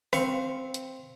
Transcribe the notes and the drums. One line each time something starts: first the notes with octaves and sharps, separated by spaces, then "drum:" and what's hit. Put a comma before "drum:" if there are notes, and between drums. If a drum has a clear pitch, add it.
C4 F5 C#6, drum: rim click
drum: hi-hat